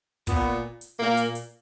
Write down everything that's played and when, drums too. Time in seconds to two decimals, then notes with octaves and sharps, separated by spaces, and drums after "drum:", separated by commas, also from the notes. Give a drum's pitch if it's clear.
0.27 A#2 B3, drum: kick, hi-hat
0.81 drum: hi-hat
0.99 A#2 A#3
1.17 drum: hi-hat
1.35 drum: hi-hat